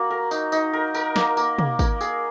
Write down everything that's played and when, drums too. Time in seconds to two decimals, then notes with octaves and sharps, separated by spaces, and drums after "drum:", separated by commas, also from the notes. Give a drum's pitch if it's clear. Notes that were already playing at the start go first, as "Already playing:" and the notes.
Already playing: A#3 F#4
0.10 A#4
0.31 D#4, drum: tambourine
0.52 D#4, drum: tambourine
0.73 A#4
0.95 A#4, drum: tambourine
1.16 A#3, drum: snare
1.37 A#3, drum: tambourine
1.58 A#3, drum: tom
1.79 A#3, drum: kick G#1, tambourine
2.01 G#4, drum: tambourine